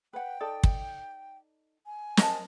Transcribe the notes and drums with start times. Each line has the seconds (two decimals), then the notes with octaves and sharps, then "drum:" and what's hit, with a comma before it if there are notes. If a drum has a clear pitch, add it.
0.13 B4 F#5 G5
0.40 D#4 A4 D5
0.64 drum: kick
1.86 G#5
2.17 A#4 D#5 A5, drum: snare